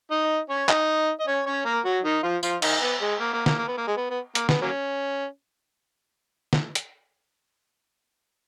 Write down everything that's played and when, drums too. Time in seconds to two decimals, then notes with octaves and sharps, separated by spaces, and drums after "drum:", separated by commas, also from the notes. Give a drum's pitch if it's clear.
0.11 D#4 D#5
0.50 C#4 C#5
0.69 D#4 D#5, drum: clap
1.20 D#5
1.27 C#4 C#5
1.46 C#4 C#5
1.66 A#3 A#4
1.85 F#3 F#4
2.04 D#3 D#4
2.23 F3 F4
2.43 F3 F4, drum: tambourine
2.62 D#3 D#4, drum: cymbal
2.81 B3
3.01 G#3
3.20 A#3
3.33 A#3
3.46 A#3, drum: snare
3.58 A#3
3.68 B3
3.77 A#3
3.87 G#3
3.97 B3
4.10 B3
4.35 A#3, drum: hi-hat
4.49 B3, drum: snare
4.62 F#3 A#3 C#4
6.53 drum: snare
6.75 drum: hi-hat